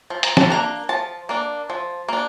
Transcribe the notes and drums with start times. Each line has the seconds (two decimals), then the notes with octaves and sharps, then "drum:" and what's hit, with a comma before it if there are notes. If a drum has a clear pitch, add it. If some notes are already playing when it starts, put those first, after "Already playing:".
0.10 F3
0.23 A#5, drum: hi-hat
0.37 A5, drum: snare
0.50 A#3 D4 A#5
0.89 F3 A5
1.29 A#3 D4
1.70 F3
2.08 A#3 D4